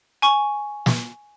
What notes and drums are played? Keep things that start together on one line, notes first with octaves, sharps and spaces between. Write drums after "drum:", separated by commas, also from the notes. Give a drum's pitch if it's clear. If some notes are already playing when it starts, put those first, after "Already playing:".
G#5 C#6
drum: snare